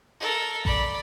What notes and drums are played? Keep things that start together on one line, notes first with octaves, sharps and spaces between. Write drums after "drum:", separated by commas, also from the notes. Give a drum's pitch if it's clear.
A4 A#4
D5 B5, drum: kick A1